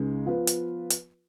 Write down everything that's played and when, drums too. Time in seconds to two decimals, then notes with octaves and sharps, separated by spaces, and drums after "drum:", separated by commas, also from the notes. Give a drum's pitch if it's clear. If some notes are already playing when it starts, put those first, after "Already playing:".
Already playing: C#2 C#3 G#3 D#4
0.26 F3 B3 F4 B4
0.47 drum: hi-hat
0.90 drum: hi-hat